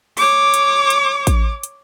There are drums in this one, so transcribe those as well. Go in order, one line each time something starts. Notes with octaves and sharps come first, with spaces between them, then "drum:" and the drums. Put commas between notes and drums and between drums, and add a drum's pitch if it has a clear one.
C#5 D6, drum: open hi-hat
drum: hi-hat
drum: hi-hat
drum: kick A1, hi-hat
drum: hi-hat